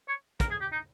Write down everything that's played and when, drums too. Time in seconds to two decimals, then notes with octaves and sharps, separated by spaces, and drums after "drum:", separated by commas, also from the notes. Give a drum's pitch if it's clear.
0.08 C#5
0.40 A#4, drum: kick, hi-hat
0.50 G#4
0.61 G4
0.72 D#4